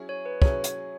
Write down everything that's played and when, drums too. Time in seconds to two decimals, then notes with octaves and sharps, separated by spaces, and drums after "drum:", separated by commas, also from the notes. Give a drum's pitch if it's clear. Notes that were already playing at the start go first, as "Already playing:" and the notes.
Already playing: F#3 C#4 E4 G#4
0.09 C#5
0.26 B4
0.42 F#3 C#4 E4 G#4 C#5, drum: kick
0.64 drum: hi-hat